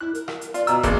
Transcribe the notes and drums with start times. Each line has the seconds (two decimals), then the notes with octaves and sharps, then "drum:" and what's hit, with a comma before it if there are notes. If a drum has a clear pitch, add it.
0.01 E4 F#6
0.15 A#4, drum: hi-hat
0.28 drum: rim click
0.41 drum: hi-hat
0.54 F4 D5, drum: hi-hat
0.67 B2 A#5 E6, drum: hi-hat
0.83 G#1 A#3 G#4 D5, drum: kick, hi-hat